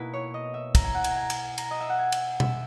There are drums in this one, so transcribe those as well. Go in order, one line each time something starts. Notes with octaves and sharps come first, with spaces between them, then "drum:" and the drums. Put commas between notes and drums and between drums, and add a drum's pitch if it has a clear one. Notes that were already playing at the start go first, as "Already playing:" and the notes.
Already playing: B2 A#3 E4 B4
C#5
D#5
E5
A#5, drum: kick, cymbal
G#5
F#5
G#5, drum: cymbal
A#5
G#5
drum: cymbal
A#5, drum: cymbal
D#5
E5
F#5
G#5
drum: cymbal
E5, drum: tom B2